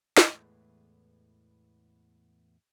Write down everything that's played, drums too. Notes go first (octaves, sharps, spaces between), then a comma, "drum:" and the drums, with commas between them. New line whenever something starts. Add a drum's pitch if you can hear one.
E2 A2 E3 G#3 A3 B3, drum: snare